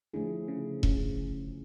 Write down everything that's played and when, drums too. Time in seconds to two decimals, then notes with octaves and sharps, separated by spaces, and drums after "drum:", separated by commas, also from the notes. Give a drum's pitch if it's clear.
0.14 D3 F3 A3 C#4 E4 G#4
0.48 C#3
0.83 C#3, drum: kick E1